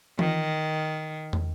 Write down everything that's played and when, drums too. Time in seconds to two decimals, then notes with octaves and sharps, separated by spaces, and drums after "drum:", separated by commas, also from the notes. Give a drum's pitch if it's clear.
0.19 D#3, drum: tom E3
1.33 drum: tom